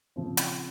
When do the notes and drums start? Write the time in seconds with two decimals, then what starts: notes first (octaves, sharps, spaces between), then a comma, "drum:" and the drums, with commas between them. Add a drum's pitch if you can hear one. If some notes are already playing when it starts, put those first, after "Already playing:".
0.16 C#3 F3 C4
0.37 drum: hi-hat